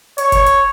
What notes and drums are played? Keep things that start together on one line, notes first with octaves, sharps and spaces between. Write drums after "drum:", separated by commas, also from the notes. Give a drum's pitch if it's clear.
C#5, drum: hi-hat
drum: kick F1, hi-hat
drum: hi-hat